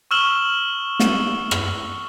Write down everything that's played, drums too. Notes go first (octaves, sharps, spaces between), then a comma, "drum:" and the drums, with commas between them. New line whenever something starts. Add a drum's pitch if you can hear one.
C#6 E6 F6 E7 F#7
drum: snare
drum: rim click